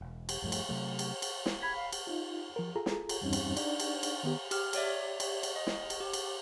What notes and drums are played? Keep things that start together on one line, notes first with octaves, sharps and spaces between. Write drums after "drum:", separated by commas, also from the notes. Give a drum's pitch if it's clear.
E1
drum: cymbal
D#1 G2 F3 A3
drum: cymbal
C3 F#3 A3
drum: cymbal
drum: cymbal
drum: snare
B5 G#6
F5
drum: cymbal
D#4 F4
F3 A#4
F4 G#4 A4 A#5
drum: snare
drum: cymbal
E2 G2 G3 C4 C#4 D#4
drum: cymbal
D4 D#4 D5, drum: cymbal
drum: cymbal
drum: cymbal
D#3 B3 G4
G4 F6, drum: cymbal
G4 C#5 D5 E5, drum: cymbal
drum: cymbal
drum: cymbal
D#5
drum: snare
drum: cymbal
G4
drum: cymbal